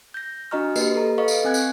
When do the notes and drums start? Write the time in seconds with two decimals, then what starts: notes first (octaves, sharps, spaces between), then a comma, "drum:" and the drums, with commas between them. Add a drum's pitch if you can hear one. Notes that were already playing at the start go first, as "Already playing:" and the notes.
0.14 G6 A#6
0.51 D4 F#4 D#5 A#5 C#6 F6
0.76 A#3 G4 B4 D#5 C7, drum: tambourine
0.95 A4 A#5
1.18 A4 B4 D#5 F5 C#6
1.28 drum: tambourine
1.44 C4 G#5 F#6 G#6
1.54 drum: tambourine